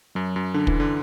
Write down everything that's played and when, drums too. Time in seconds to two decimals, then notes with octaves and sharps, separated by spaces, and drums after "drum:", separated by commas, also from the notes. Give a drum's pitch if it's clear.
0.15 F#2 F#3
0.36 F#2
0.54 D3 D4
0.67 E3, drum: kick
0.80 D3